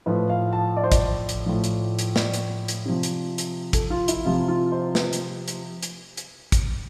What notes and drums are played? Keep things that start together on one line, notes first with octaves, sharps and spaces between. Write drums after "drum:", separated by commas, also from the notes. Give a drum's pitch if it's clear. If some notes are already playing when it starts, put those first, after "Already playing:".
A2 F3 B4
F5
A5
D5
C5
D5, drum: kick, hi-hat
drum: hi-hat
A2 F3
drum: hi-hat
drum: hi-hat
D5, drum: snare
drum: hi-hat
drum: hi-hat
C3 F3
drum: hi-hat
drum: hi-hat
A4, drum: kick, hi-hat
F4
E4, drum: hi-hat
C3 F3 F4
F4
C5
B4, drum: snare
drum: hi-hat
drum: hi-hat
drum: hi-hat
drum: hi-hat
drum: kick, hi-hat